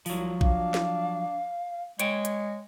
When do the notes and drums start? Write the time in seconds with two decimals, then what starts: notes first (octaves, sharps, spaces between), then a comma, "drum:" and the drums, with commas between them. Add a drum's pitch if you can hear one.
0.06 C2 F3 F#3, drum: open hi-hat
0.41 D4 F5, drum: kick A#1
0.74 drum: snare
1.99 G#3 C#5 G5, drum: hi-hat
2.25 drum: hi-hat